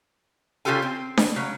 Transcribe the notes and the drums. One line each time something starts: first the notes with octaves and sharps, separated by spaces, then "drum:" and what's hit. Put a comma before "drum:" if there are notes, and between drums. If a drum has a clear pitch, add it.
C#3 C#4 F4 G4 A4 G#5
C4
drum: snare D4
C#3 F#3